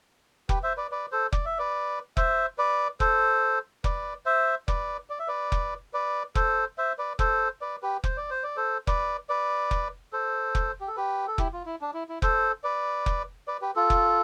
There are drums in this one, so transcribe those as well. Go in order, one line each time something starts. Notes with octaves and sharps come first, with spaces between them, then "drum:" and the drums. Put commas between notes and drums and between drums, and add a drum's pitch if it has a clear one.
G4 B4, drum: kick F1
C5 E5
B4 D5
B4 D5
A4 C5
D5, drum: kick F1
E5
B4 D5
C5 E5, drum: kick F1
B4 D5
A4 C5, drum: kick F1
B4 D5, drum: kick F1
C5 E5
B4 D5, drum: kick F1
D5
E5
B4 D5
drum: kick F1
B4 D5
A4 C5, drum: kick F1
C5 E5
B4 D5
A4 C5, drum: kick F1
B4 D5
G4 B4
C5, drum: kick F1
D5
C5
D5
A4 C5
B4 D5, drum: kick F1
B4 D5
drum: kick F1
A4 C5
drum: kick F1
G4
A4
G4 B4
A4
E4 G4, drum: kick F1
F4
E4
D4
E4
E4
A4 C5, drum: kick F1
B4 D5
drum: kick F1
B4 D5
G4 B4
F4 A4
drum: kick F1